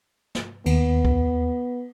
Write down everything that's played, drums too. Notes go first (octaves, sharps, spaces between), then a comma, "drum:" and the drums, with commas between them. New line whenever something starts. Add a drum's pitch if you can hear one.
drum: snare
D#2 B3, drum: cymbal
drum: kick C2